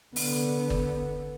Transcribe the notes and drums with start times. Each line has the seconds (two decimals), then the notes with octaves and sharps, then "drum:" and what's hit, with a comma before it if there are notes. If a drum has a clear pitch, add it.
0.16 D3 B3, drum: open hi-hat
0.70 drum: kick